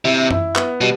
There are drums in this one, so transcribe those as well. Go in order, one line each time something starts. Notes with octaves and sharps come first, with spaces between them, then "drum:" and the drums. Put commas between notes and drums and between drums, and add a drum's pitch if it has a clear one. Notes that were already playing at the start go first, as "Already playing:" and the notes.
C3 E4
E4, drum: tom F#2
B3, drum: clap
B2 G3